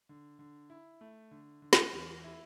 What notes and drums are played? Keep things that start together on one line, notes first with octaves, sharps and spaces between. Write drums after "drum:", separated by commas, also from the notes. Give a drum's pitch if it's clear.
D3
D3
E4
A3
D3
D3
drum: snare
E2
E4